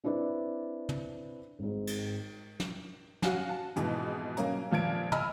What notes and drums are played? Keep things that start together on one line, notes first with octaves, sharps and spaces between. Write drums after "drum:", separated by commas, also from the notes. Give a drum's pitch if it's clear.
C4 D4 E4 B4 D5
drum: tom
G#1 G#2
drum: cymbal
drum: snare
C#4 F#4 F5 F#5 G#5, drum: snare
A5
F2 G#2 B2 E3 G#3, drum: hi-hat
F#3 A#3 C#4 A#5, drum: hi-hat
F1 A#2 F3 A5 G#6 D7
D#5 G#5 B5 E6 F6, drum: tom